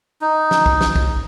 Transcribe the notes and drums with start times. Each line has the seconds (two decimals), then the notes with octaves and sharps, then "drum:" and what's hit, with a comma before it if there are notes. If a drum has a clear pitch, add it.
0.21 D#4
0.51 drum: snare
0.66 drum: kick
0.81 drum: snare
0.96 drum: kick